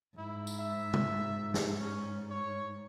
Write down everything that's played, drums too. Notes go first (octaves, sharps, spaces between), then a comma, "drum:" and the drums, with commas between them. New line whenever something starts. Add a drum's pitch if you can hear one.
G#2 E4
drum: tambourine
E5
drum: tom
drum: snare
C#4
C#5